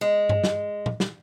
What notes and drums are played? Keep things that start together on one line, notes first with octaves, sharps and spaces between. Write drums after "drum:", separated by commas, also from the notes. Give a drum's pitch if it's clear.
G#3
drum: tom G2
drum: snare
drum: tom A#2
drum: snare